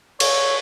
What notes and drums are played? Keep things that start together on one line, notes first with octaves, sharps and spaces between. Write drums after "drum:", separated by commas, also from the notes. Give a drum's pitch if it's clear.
C#5, drum: cymbal